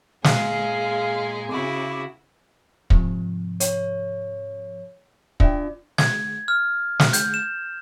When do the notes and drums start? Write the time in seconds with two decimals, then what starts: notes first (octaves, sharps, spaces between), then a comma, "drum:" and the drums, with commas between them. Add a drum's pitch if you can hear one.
0.24 A#2 G#3 G#4 F5, drum: snare
1.50 C#3 E4 F#4 D6
2.90 G#2 C3 F3, drum: kick
3.60 C#5, drum: hi-hat
5.40 D4 F4 D5 E5 G5, drum: kick
5.98 G#6, drum: snare
6.48 F6
7.00 drum: snare
7.13 G6, drum: hi-hat
7.34 E7